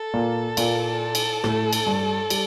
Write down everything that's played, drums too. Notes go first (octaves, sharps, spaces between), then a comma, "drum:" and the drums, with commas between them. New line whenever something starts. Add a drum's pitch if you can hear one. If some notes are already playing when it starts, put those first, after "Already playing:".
Already playing: A4
A#2 A#3
A#2 A#3, drum: cymbal
drum: cymbal
A2 A3, drum: rim click
drum: cymbal
G2 G3
G3, drum: cymbal